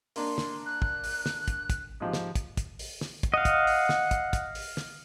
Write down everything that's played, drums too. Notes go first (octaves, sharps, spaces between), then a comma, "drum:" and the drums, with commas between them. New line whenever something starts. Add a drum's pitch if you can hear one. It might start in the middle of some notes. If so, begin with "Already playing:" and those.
A#3 D4 C6, drum: open hi-hat
drum: snare
F#6
drum: kick
drum: open hi-hat
drum: snare
drum: kick, hi-hat
drum: kick, hi-hat
G#2 F3 G4
drum: snare
drum: kick, hi-hat
drum: kick, hi-hat
drum: open hi-hat
drum: snare
drum: kick, hi-hat
D#5 F5 F#5
drum: kick, hi-hat
drum: open hi-hat
drum: snare
drum: kick, hi-hat
drum: kick, hi-hat
drum: open hi-hat
drum: snare